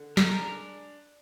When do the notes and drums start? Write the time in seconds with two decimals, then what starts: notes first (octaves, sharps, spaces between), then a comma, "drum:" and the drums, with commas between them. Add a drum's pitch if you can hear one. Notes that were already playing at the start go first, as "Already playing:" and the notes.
Already playing: D3
0.17 G#3 A#4, drum: snare
0.41 D4